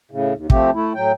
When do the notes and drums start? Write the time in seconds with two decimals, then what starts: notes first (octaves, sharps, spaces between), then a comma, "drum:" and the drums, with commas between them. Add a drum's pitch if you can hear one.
0.11 A2 C#3
0.34 D#2
0.50 F3 A3 C4 G4, drum: kick
0.74 A3 E4
0.95 A2 F#3 G5